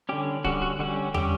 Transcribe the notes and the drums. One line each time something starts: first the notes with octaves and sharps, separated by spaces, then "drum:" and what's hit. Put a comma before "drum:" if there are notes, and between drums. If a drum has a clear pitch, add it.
D3 G3 C#4 G4
D3 G3 C#4 F#4, drum: kick D1
F#4
D3 G3 C#4 F#4
D3 G3 C#4 G4, drum: tom